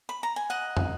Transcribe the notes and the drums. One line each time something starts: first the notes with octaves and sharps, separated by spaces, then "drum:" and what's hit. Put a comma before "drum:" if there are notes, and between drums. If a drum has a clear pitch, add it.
B5
A#5
G#5
D#5 F#5
drum: tom